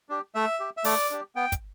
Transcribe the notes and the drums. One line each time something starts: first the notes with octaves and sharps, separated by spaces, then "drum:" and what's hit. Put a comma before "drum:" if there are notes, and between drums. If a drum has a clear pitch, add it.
D4 G4
A3 E5
G4
E5
A3 D5, drum: open hi-hat
D4 G4
B3 G5
drum: kick, hi-hat